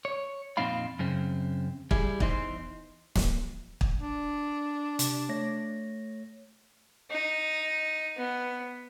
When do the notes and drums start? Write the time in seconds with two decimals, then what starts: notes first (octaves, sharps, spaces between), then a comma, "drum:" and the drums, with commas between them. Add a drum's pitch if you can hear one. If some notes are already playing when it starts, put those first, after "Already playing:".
0.05 C#5
0.57 F2 A#2 C4 D#4 F5 B5
0.99 F#2 C#3 C4
1.91 G3 E4 G#4, drum: kick
2.20 E2 E3 D#4 C5, drum: kick
3.16 drum: snare
3.81 drum: kick
4.00 D4
4.99 C3, drum: hi-hat
5.29 A3 C#5 A#6
7.11 D#4
8.17 B3